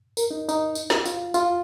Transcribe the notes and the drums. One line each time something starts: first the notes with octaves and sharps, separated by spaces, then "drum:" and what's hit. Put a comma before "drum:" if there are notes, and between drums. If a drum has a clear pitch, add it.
A#4, drum: tambourine
D#4
D#4, drum: tambourine
drum: tambourine
drum: snare
F4, drum: tambourine
F4, drum: tambourine